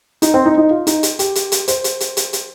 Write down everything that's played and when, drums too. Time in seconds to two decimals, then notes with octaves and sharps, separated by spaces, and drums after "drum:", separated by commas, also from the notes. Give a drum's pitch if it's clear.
0.22 D#4, drum: hi-hat
0.34 C4
0.46 D#4
0.58 D#4
0.71 F4
0.87 D#4, drum: hi-hat
1.03 drum: hi-hat
1.19 G4, drum: hi-hat
1.35 drum: hi-hat
1.52 drum: hi-hat
1.68 C5, drum: hi-hat
1.84 drum: hi-hat
2.00 drum: hi-hat
2.17 drum: hi-hat
2.33 drum: hi-hat